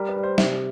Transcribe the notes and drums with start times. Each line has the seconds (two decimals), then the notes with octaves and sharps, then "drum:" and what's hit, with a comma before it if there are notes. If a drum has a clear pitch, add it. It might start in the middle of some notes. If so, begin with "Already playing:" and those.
Already playing: G3 A#4
0.09 B4
0.16 G3
0.23 C5
0.38 C3 E5, drum: snare